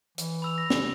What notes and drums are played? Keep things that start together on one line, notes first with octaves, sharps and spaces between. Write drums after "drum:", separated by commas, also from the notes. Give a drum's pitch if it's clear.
E3, drum: hi-hat
B5 E6 F7
A#6
B3, drum: snare